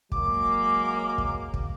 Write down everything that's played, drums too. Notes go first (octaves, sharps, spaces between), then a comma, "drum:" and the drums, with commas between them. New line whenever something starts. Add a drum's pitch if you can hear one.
F#3 G#3 A#3 D6, drum: kick
drum: kick
drum: kick